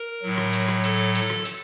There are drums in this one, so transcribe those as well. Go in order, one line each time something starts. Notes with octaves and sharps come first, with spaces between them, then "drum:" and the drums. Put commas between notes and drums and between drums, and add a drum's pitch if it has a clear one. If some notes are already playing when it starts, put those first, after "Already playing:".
Already playing: A#4
A2 F#3
drum: rim click
drum: hi-hat
drum: rim click
A4, drum: hi-hat
A4, drum: hi-hat
drum: rim click
drum: hi-hat